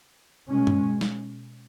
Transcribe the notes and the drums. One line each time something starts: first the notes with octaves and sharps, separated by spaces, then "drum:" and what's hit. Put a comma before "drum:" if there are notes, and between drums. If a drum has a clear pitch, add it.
B2 G#3 C#4
drum: tom G2
drum: snare